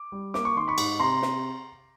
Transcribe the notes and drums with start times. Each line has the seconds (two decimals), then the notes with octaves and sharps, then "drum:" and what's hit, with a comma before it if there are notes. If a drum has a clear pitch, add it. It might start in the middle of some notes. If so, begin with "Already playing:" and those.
Already playing: D6
0.12 G3
0.34 A#3 D6, drum: snare
0.45 C#6
0.56 D#3 C6
0.68 B5 C#6
0.78 G#2, drum: cymbal
1.00 C3 A#5 C6
1.22 drum: snare